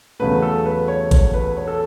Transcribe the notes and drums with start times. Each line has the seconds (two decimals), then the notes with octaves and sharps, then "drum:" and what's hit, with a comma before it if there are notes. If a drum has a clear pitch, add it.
0.20 E2 C#3 F#3 A3 B4
0.42 A4
0.66 B4
0.88 C#5
1.11 C#5, drum: kick A1, hi-hat
1.34 B4
1.57 C#5
1.68 A4